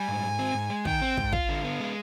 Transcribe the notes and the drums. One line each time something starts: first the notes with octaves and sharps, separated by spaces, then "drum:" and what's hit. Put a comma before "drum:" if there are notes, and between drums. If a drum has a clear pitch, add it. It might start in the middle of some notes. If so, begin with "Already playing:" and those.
Already playing: G3 G#5
G#2
G#2
C4
G#2
G#3
D#3 G5, drum: kick
C4
G#2, drum: kick
F4 F5, drum: kick
D3
B3
G#3